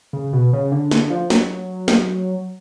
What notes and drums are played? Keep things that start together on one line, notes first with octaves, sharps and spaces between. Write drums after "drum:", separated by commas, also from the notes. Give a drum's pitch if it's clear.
C#3
B2
C#3
D3
D3, drum: snare
F3
F#3, drum: snare
drum: snare